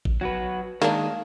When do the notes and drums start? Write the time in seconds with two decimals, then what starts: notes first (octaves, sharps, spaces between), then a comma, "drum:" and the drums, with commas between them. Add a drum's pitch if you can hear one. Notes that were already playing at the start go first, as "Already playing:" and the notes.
0.05 drum: kick A1
0.21 F#3 F#4 B4
0.82 D#3 G#3 A#3 D4, drum: snare